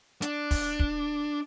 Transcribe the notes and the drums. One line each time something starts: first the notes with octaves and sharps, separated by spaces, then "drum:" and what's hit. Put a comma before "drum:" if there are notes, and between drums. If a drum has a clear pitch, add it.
D4, drum: hi-hat
drum: kick, open hi-hat
drum: kick